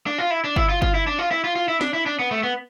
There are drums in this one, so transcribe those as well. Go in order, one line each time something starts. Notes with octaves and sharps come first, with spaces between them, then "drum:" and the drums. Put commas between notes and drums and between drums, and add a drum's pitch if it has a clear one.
D4
F4
E4
D4
E4, drum: kick G1
F4
F4, drum: kick G1
E4
D4
F4
E4
F4
F4
E4
D4, drum: snare
E4
D4
B3
A3
B3